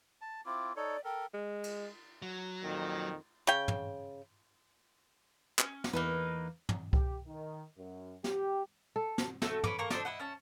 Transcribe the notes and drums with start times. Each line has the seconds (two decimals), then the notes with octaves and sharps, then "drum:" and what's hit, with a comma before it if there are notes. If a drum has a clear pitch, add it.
0.21 A5
0.46 C4 E4 F4 D6
0.76 D#4 A4 C#5 D5
1.04 A4 A#4 G5
1.34 G#3
1.64 drum: cymbal
2.22 F#3
2.63 F2 A#2 D#3
3.47 C#3 G5
3.68 drum: tom
5.59 C#4, drum: clap
5.84 drum: snare
5.93 E2 E3 A#3 D#4 B4
6.69 drum: tom
6.93 G4, drum: kick C2
7.26 D#3
7.78 F#2
8.24 G4, drum: snare
8.96 A4
9.18 drum: snare
9.42 A3 F#4 E5 E6, drum: snare
9.64 C#4 B4 D6, drum: tom
9.79 A#3 A#5 C#6
9.90 D4 D#4 A4 C5, drum: snare
10.05 E4 D#5 F#5
10.20 C#4 A5